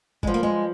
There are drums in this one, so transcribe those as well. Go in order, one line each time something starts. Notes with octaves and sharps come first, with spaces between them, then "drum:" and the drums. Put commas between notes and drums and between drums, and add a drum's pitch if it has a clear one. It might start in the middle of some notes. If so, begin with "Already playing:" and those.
G2 F3 G#3, drum: kick
A#3
G#3